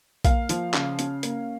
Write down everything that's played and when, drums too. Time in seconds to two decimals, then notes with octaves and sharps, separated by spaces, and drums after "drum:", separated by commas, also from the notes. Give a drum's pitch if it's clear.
0.25 A#3 F5, drum: kick A#1, hi-hat
0.49 F3, drum: hi-hat
0.74 C#3, drum: clap
0.99 C#4, drum: hi-hat
1.23 A#3, drum: hi-hat